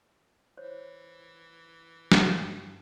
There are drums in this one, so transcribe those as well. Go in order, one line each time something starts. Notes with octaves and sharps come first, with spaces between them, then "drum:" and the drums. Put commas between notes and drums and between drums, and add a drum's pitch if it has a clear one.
E3 C5 C#5
drum: snare
G2